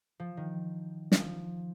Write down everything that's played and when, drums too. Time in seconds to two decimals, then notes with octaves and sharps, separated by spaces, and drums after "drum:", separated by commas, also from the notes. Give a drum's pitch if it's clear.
0.20 F3
0.37 D#3
1.12 F3, drum: snare